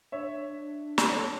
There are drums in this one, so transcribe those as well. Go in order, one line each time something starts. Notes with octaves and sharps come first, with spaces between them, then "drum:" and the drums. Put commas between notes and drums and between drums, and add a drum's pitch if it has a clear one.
D4 C#5 E5
drum: snare
A4 C#5